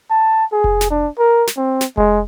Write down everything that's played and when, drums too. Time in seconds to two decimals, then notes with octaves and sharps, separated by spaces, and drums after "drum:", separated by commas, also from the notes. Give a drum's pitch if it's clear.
0.11 A5
0.52 G#4
0.64 drum: kick F1
0.81 drum: snare
0.91 D4
1.19 A#4
1.47 drum: snare
1.57 C4
1.81 drum: snare
1.97 G#3, drum: kick F1